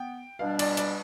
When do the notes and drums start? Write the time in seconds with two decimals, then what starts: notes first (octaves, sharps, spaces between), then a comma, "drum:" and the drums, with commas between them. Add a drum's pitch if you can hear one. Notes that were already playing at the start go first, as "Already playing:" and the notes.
Already playing: B3 G5
0.39 B2 G3 D4 F5
0.59 D5, drum: cymbal
0.77 D5, drum: hi-hat